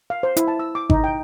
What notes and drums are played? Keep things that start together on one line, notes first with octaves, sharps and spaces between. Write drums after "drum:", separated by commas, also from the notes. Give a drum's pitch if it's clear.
F5
C5
E4, drum: hi-hat
A5
E6
D6
D#4, drum: kick G#1
G5